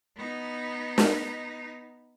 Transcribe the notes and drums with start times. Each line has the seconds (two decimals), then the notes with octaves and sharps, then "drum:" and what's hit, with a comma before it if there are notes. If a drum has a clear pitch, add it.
0.17 B3 D#4
0.98 drum: snare